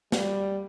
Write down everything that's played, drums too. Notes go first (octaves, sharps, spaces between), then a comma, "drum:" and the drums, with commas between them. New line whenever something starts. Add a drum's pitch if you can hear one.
G3, drum: snare